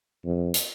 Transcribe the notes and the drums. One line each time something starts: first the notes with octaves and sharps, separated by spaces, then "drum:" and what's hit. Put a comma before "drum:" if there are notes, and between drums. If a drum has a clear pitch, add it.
F2
drum: hi-hat